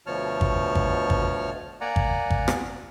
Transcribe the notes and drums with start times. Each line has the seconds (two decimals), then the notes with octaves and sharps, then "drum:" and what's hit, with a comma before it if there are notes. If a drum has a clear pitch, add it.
0.06 D2 B2 F3 C#5 A5 F6
0.41 drum: kick
0.75 drum: kick
1.10 drum: kick
1.81 A#3 D5 F#5 G#5 A#5
1.96 drum: kick
2.30 drum: kick
2.48 drum: rim click